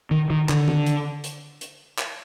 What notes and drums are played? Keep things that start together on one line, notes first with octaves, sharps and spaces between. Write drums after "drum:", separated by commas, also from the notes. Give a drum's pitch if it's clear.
D#3
D#3
D3, drum: clap
drum: tom D#3
drum: hi-hat
drum: hi-hat
drum: hi-hat
drum: clap